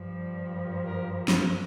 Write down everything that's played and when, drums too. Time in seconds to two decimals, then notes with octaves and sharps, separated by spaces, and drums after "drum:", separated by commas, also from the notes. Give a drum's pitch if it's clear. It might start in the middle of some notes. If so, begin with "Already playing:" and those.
Already playing: G2 F3
0.86 A#4
1.28 drum: snare